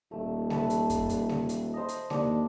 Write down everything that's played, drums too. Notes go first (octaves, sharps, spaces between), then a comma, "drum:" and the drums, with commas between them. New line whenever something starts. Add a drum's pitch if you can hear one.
D#1 A3
A3 B4 A5, drum: snare G#3
drum: hi-hat
drum: kick F2, hi-hat
drum: hi-hat
drum: snare G#3
drum: hi-hat
C5 D#5
drum: hi-hat
D#2 D4, drum: snare G#3